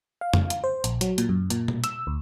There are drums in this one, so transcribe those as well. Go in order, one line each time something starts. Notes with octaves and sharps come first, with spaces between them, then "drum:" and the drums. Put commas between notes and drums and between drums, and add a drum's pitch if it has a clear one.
F5
drum: tom F2
drum: hi-hat
C5
A#1, drum: hi-hat
F#3, drum: hi-hat
A#2, drum: hi-hat
F#2
A#2, drum: hi-hat
drum: tom B2
E6, drum: hi-hat
D2